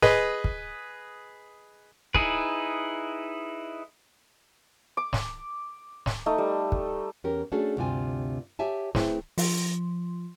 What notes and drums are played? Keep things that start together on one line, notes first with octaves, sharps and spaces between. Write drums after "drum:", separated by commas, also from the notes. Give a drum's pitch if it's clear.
G#4 B4 D#5, drum: snare
drum: kick
D#4 E4 G#4 B4, drum: kick
D6
drum: snare
drum: snare
A3 D#4
G3
drum: kick
E2 C#4 G4 A#4
A3 C#4 D4 F#4 G#4 A4
D2 G2 C3 D4 F4 G#5
G4 C#5 E5 G#5 A5
A3 C4 E4 G#4 B4 C5, drum: snare
F3, drum: open hi-hat